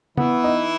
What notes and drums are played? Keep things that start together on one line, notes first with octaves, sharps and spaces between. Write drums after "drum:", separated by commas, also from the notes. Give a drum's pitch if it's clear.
E3 B3 E4, drum: tom
D#4